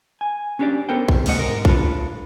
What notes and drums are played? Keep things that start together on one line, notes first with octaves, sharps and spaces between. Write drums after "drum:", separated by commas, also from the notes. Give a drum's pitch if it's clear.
G#5
C#4 D4 G4 C#5 D5
B3 A4 A#4 C5 G5
drum: kick
C2 G3 A3 D#5 F#5, drum: cymbal
G#2 A#4
D4 F4 A4 B4, drum: kick